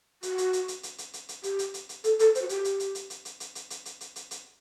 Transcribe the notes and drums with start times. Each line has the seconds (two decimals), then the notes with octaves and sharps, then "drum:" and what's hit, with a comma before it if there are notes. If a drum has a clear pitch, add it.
0.23 F#4, drum: hi-hat
0.38 drum: hi-hat
0.53 drum: hi-hat
0.68 drum: hi-hat
0.83 drum: hi-hat
0.98 drum: hi-hat
1.13 drum: hi-hat
1.29 drum: hi-hat
1.43 G4, drum: hi-hat
1.59 drum: hi-hat
1.74 drum: hi-hat
1.89 drum: hi-hat
2.04 A4, drum: hi-hat
2.19 A4, drum: hi-hat
2.35 C5, drum: hi-hat
2.42 F#4
2.49 G4, drum: hi-hat
2.65 drum: hi-hat
2.80 drum: hi-hat
2.95 drum: hi-hat
3.10 drum: hi-hat
3.25 drum: hi-hat
3.40 drum: hi-hat
3.55 drum: hi-hat
3.70 drum: hi-hat
3.85 drum: hi-hat
4.01 drum: hi-hat
4.16 drum: hi-hat
4.31 drum: hi-hat